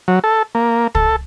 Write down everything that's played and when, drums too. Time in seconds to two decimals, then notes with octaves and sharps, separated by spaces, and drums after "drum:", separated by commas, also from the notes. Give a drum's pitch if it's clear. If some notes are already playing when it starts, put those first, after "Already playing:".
0.08 F#3
0.24 A4
0.55 A#3
0.95 A4, drum: kick